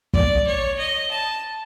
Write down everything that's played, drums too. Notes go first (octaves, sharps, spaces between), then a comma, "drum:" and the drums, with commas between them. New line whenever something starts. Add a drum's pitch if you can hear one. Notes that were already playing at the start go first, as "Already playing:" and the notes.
D5, drum: kick
C#5
D#5
A5